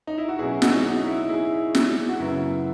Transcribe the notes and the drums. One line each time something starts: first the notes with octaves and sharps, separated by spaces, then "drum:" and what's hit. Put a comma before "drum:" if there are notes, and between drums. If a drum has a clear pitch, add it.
D#4
E4
F#4
B2 F#3 C#4 E4 G#4
D#4 F#4, drum: snare
D#4
E4
E4 G#4
drum: snare
F#4
F#2 C#3 F#3 B3 E4